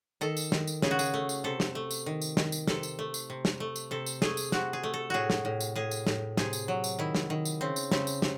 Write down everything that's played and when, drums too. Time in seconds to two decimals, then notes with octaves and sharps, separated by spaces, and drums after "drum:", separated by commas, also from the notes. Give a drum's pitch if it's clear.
0.21 D#3 A4
0.37 drum: tambourine
0.52 D#3, drum: snare
0.67 drum: tambourine
0.82 C#3 G#4, drum: snare
0.91 F#4
0.99 G#4, drum: tambourine
1.14 A3
1.29 drum: tambourine
1.44 C3 A4
1.60 drum: snare
1.75 A3
1.91 drum: tambourine
2.06 D#3
2.21 drum: tambourine
2.37 D#3, drum: snare
2.52 drum: tambourine
2.67 C3 A4, drum: snare
2.83 drum: tambourine
2.99 A3
3.14 drum: tambourine
3.30 C3
3.45 drum: snare
3.60 A3
3.76 drum: tambourine
3.91 C3 A4
4.06 drum: tambourine
4.22 A3 G#4, drum: snare
4.37 drum: tambourine
4.52 C3 F#4, drum: snare
4.73 G#4
4.83 A3
4.94 A4
5.10 A2 F#4 G#4
5.30 drum: snare
5.45 A2
5.60 drum: tambourine
5.76 A2 G#4
5.91 drum: tambourine
6.07 A2, drum: snare
6.37 C3 G#4, drum: snare
6.53 drum: tambourine
6.68 F#3
6.84 drum: tambourine
6.99 D#3 E4
7.15 drum: snare
7.30 D#3
7.45 drum: tambourine
7.61 C#3 C4
7.76 drum: tambourine
7.91 C#3 C4, drum: snare
8.07 drum: tambourine
8.22 C3, drum: snare